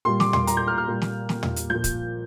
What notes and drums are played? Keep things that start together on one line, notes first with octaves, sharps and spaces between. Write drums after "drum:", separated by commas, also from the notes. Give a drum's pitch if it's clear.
A#2 G3 C6
D6, drum: snare
C6, drum: tom
A#5, drum: hi-hat
G6
F6
F6
A#2 G3
drum: snare
drum: snare
drum: tom
drum: hi-hat
A#2 F3 G6
drum: kick, hi-hat